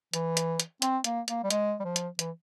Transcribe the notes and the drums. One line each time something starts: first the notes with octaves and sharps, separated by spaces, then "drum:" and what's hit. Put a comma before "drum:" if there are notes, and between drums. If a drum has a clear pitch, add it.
E3, drum: hi-hat
drum: hi-hat
drum: hi-hat
C4, drum: hi-hat
A#3, drum: hi-hat
A#3, drum: hi-hat
G3
G#3, drum: hi-hat
G3
F3
drum: hi-hat
E3, drum: hi-hat